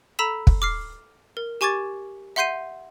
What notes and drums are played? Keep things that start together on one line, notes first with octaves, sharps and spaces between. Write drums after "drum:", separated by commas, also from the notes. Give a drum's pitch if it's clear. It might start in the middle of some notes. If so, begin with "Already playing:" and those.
A4 A#5 B5 E6 B6 E7
drum: kick
D6 F6 C7
A#4
G4 G#5 C#6 D6 G#6 A6
E5 F#5 C6 G6 C7 D#7